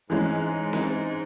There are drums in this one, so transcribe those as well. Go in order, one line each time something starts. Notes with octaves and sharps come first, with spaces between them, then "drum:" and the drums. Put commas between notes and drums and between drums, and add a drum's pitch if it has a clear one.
G#2 E3 G#3 C#4
drum: snare C4